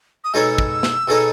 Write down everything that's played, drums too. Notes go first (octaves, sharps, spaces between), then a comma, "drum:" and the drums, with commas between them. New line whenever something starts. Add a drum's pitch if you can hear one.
D#6
B2 G#3 D#4 A4 C#5 E6
drum: kick
drum: snare
B2 G#3 D#4 A4 C#5